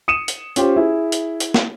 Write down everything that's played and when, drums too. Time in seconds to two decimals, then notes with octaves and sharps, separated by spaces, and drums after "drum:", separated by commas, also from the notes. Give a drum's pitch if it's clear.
0.08 D#6 C#7 D#7 E7
0.28 drum: hi-hat
0.56 C#4 F4 G4 C5, drum: hi-hat
0.76 E4 G#4
1.12 drum: hi-hat
1.40 drum: hi-hat
1.54 drum: snare